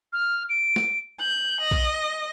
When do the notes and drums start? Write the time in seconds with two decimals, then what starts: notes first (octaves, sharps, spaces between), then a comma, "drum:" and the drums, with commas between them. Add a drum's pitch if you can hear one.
0.13 F6
0.49 D7
0.76 drum: snare
1.20 G6 F#7
1.60 D#5
1.71 drum: kick